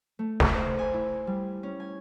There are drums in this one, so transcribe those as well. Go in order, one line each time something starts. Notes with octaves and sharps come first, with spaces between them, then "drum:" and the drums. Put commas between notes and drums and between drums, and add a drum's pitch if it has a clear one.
A3
drum: snare
C5
G#5
E4
G3
C#4
G#5